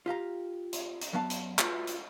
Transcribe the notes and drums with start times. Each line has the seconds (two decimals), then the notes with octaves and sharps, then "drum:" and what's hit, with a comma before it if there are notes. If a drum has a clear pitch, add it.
0.06 F4 G4 F5 A#5
0.73 drum: hi-hat
1.01 drum: hi-hat
1.13 F#2 F#3 B3 F5 A5
1.30 drum: hi-hat
1.59 F4 F#4 B4 E5, drum: clap
1.87 drum: hi-hat